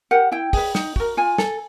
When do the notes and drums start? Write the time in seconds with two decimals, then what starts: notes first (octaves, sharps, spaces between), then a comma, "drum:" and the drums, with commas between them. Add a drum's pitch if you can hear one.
0.11 G4 A#4 F#5
0.32 E4 G5
0.53 G#4 B4, drum: kick, open hi-hat
0.75 D#4, drum: snare
0.96 F#4 A#4, drum: kick
1.17 F4 G#5
1.38 A4, drum: snare